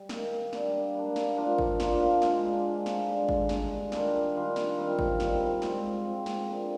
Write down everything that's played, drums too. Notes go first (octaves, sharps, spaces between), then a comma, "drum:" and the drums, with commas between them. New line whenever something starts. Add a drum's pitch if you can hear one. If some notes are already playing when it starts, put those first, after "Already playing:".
Already playing: G3
D#3 A#3 D#4 G4, drum: snare
G3 A#3 D4, drum: snare
G3 A#3 D4
drum: snare
F3 A#3 D4 F4
drum: kick
F3 A#3 D4 F4, drum: snare
F3 G#3 D4, drum: snare
F3 G#3 D4
drum: snare
G2 D3 G#3 D4
drum: kick
G2 D3 G#3 D4, drum: snare
D#3 G3 D4 F4, drum: snare
D#3 G3 D4 F4
drum: snare
D#3 G3 C4 F4
drum: kick
D#3 G3 C4 F4, drum: snare
G#2 F3 C4, drum: snare
G#2 F3 C4
drum: snare
D3 F3 A#3